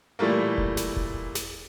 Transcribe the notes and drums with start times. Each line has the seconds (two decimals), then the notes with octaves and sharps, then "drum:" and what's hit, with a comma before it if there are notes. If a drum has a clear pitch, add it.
0.19 A#2 E3 G3 A3 A#3
0.58 drum: kick E1
0.77 drum: snare
0.96 drum: kick E1
1.35 drum: snare